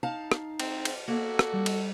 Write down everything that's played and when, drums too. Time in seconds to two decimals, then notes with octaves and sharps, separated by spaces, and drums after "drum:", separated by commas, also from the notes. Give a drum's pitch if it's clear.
0.03 D#4 F5 A5
0.32 drum: rim click
0.60 C4, drum: cymbal
0.85 drum: cymbal
1.08 A#3 F#4 A4 G#6
1.39 drum: rim click
1.53 G3
1.66 drum: cymbal